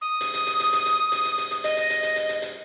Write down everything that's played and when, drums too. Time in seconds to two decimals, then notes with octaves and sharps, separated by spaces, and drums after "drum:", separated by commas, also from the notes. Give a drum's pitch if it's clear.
0.01 D#6
0.21 drum: hi-hat
0.34 drum: hi-hat
0.47 drum: hi-hat
0.60 drum: hi-hat
0.73 drum: hi-hat
0.86 drum: hi-hat
1.12 drum: hi-hat
1.25 drum: hi-hat
1.38 drum: hi-hat
1.51 drum: hi-hat
1.64 D#5, drum: hi-hat
1.77 drum: hi-hat
1.90 drum: hi-hat
2.03 drum: hi-hat
2.16 drum: hi-hat
2.29 drum: hi-hat
2.42 drum: hi-hat